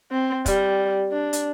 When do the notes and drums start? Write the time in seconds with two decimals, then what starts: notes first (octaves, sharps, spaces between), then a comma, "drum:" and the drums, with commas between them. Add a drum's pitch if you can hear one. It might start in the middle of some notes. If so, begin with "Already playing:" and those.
0.11 C4
0.46 G3, drum: kick, hi-hat
1.12 D4
1.33 drum: hi-hat